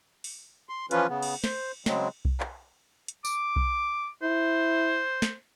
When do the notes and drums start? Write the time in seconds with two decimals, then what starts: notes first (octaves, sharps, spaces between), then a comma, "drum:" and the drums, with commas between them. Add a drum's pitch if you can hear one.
0.24 drum: open hi-hat
0.69 C6
0.91 E3 F3 C#4 F4 B4, drum: hi-hat
1.09 C#3 B3
1.22 drum: cymbal
1.44 C5, drum: snare
1.86 C#3 F#3 G#3 C4, drum: snare
2.25 drum: kick B1
2.40 drum: clap
3.08 drum: hi-hat
3.25 D6, drum: tambourine
3.56 drum: kick B1
4.22 E4 C5
5.22 drum: snare